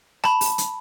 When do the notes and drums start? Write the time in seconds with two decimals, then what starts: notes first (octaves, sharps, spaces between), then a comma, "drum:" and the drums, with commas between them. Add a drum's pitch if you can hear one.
0.24 A5 B5, drum: rim click
0.41 drum: open hi-hat
0.58 drum: hi-hat